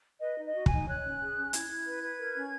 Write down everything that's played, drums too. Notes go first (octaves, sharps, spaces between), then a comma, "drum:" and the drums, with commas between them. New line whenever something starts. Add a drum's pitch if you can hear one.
B4 D#5
D#4
D#5
F#4
G#5, drum: kick
D#4
C#5 F#6
C#4
G#4
C#4
E4 G#6, drum: hi-hat
E4
B4
B4
A#4
C#4